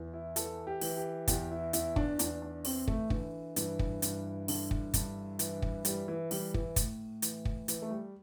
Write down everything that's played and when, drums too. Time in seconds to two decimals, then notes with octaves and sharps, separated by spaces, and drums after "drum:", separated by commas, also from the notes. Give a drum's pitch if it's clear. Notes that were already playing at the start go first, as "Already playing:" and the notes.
Already playing: E2 E3
0.13 E4
0.36 E3 A4, drum: hi-hat
0.67 G4
0.81 E3, drum: open hi-hat
0.97 G4
1.28 E2 G4, drum: kick, hi-hat
1.51 E4
1.73 E2 E4, drum: hi-hat
1.96 D4, drum: kick
2.19 E2 D4, drum: hi-hat
2.42 D4
2.65 E3 C4, drum: open hi-hat
2.88 A3, drum: kick
3.10 D3 E3, drum: kick
3.56 G2 E3, drum: hi-hat
3.79 drum: kick
4.02 G2, drum: hi-hat
4.48 D3, drum: open hi-hat
4.71 drum: kick
4.94 G2, drum: kick, hi-hat
5.39 E3, drum: hi-hat
5.62 drum: kick
5.85 E3 G3, drum: hi-hat
6.08 E3
6.31 E3 G3, drum: open hi-hat
6.54 E3, drum: kick
6.76 A2, drum: kick, hi-hat
7.22 E3, drum: hi-hat
7.45 drum: kick
7.68 E3, drum: hi-hat
7.82 A3
7.91 G3